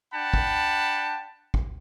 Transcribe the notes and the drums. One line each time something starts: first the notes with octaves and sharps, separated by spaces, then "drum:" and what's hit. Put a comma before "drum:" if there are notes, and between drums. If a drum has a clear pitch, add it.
D4 F#5 G5 A5 B5
drum: kick
drum: kick